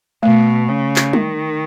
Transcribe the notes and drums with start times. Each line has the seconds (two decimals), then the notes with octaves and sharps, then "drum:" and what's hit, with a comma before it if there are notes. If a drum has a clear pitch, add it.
0.23 B2 A3
0.68 C#3
0.96 drum: clap
1.13 D#3, drum: tom G3